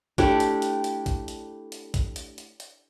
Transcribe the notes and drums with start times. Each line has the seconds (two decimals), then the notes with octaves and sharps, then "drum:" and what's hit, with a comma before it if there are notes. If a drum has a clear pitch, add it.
0.18 A3 D4 E4 G4, drum: kick, hi-hat
0.40 drum: hi-hat
0.62 drum: hi-hat
0.84 drum: hi-hat
1.06 drum: kick, hi-hat
1.28 drum: hi-hat
1.72 drum: hi-hat
1.94 drum: kick, hi-hat
2.16 drum: hi-hat
2.38 drum: hi-hat
2.60 drum: hi-hat